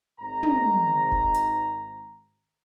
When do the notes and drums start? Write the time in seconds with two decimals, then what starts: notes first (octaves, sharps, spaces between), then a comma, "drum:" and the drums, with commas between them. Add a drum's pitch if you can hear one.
0.20 G#1 G#2 A#5
0.43 drum: tom
1.12 drum: kick F1
1.34 drum: hi-hat